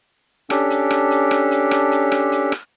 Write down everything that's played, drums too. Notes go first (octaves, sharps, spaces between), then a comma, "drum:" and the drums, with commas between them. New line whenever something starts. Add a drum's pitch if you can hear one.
C#4 D4 G4 A4, drum: rim click
drum: hi-hat
drum: rim click
drum: hi-hat
drum: rim click
drum: hi-hat
drum: rim click
drum: hi-hat
drum: rim click
drum: hi-hat
drum: rim click